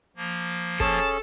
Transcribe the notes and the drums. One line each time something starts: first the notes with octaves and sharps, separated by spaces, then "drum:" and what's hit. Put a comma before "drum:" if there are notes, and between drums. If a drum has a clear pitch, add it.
F3 A#3
C#4 G#4 A4, drum: kick